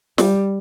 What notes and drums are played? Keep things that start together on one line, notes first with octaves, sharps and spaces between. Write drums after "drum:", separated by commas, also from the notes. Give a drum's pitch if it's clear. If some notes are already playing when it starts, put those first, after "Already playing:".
G3, drum: snare